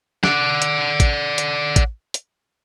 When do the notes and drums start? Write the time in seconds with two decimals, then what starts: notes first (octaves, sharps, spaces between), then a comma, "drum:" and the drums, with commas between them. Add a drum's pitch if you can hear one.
0.24 D5 F#5, drum: snare
0.62 drum: hi-hat
1.00 drum: kick A1, hi-hat
1.38 drum: hi-hat
1.76 drum: kick A1, hi-hat
2.14 drum: hi-hat